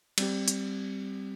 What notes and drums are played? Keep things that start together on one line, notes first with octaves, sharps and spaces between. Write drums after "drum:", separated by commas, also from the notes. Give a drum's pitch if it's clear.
G3 C4 G4, drum: cymbal
drum: hi-hat